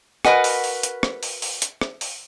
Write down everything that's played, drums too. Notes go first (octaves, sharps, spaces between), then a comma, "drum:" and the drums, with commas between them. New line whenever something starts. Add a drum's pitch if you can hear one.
F#4 A#4 B4 D#5 F#5 G#5, drum: rim click
drum: open hi-hat
drum: open hi-hat
drum: hi-hat
drum: rim click
drum: open hi-hat
drum: open hi-hat
drum: hi-hat
drum: rim click
drum: open hi-hat